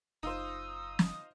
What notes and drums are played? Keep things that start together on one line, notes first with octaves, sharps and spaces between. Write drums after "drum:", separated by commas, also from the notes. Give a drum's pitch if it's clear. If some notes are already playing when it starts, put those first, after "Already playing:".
F#1 D#4 F4 C5 D#6 E6
drum: snare